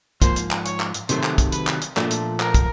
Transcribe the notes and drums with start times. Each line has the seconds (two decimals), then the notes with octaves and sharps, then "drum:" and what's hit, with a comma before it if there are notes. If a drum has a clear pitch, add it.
0.22 G#2 F3 A#3 C5, drum: kick, hi-hat
0.36 drum: hi-hat
0.51 drum: clap
0.66 C#5, drum: hi-hat
0.80 drum: clap
0.94 drum: hi-hat
1.09 C3 D#3 F#3 A3 C5, drum: hi-hat
1.24 drum: clap
1.38 drum: kick, hi-hat
1.52 B4, drum: hi-hat
1.67 drum: clap
1.82 drum: hi-hat
1.97 A#2 F3 A3 D4, drum: clap
2.11 drum: hi-hat
2.40 A#4, drum: clap
2.54 drum: kick, hi-hat